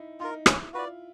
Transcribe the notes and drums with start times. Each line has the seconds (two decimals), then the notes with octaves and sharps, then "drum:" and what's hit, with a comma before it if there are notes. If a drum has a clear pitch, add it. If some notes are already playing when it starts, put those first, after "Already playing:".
Already playing: D#4 E4
0.20 D#4 F4 A#4
0.46 C#4 E4, drum: rim click
0.73 F4 F#4 B4 D5